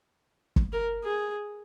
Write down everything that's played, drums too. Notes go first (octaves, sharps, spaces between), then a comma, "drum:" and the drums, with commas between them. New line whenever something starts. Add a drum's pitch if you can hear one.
drum: kick
A#4
G#4